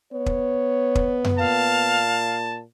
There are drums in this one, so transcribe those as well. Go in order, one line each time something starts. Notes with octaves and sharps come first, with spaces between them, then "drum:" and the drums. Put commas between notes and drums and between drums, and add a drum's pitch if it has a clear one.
B3 C#5
drum: kick
drum: kick
drum: tom F#2
A#2 F5 A5